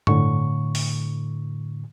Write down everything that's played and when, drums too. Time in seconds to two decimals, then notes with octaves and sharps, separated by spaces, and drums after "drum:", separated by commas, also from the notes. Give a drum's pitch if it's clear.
0.07 A2 D3 C#6, drum: tom G2
0.75 drum: open hi-hat